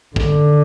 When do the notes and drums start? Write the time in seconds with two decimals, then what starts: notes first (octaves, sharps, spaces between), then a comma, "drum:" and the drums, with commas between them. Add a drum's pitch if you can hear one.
0.16 D3, drum: kick